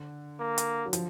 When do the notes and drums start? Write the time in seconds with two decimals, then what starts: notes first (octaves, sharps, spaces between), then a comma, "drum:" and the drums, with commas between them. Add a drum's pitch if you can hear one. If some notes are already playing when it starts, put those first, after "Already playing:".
Already playing: D3
0.40 A#3
0.58 drum: hi-hat
0.86 F#3
0.93 F3, drum: hi-hat